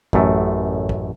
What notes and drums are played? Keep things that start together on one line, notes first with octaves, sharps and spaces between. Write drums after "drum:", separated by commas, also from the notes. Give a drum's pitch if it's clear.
A1 F#2 A3, drum: kick
drum: kick